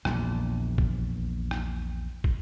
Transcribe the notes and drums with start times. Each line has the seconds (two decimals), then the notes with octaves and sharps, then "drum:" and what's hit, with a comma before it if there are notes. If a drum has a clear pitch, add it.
0.05 A#1 E2 A#2, drum: rim click
0.78 drum: kick
1.51 drum: rim click
2.24 drum: kick